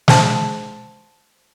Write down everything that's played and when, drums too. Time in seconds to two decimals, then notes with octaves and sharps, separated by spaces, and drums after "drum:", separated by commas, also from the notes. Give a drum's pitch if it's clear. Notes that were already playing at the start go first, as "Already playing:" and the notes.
0.08 C5 A5, drum: snare